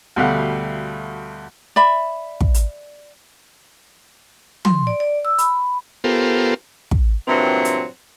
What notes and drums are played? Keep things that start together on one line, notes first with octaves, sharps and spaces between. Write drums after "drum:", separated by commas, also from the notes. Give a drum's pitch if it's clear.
D2 B2 G3 A3 F5 F#5
D5 E5 B5
drum: kick
drum: hi-hat
C6, drum: tom
D5
D5
E6
B5, drum: hi-hat
B3 F4 G4 A4 A#4 C5
drum: kick
G2 A#2 E3 F#3 C4
drum: hi-hat